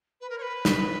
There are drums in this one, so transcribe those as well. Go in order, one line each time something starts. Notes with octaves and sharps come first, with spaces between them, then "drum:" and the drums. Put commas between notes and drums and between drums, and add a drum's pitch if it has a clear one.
B4
A#4
C#5
B4
drum: snare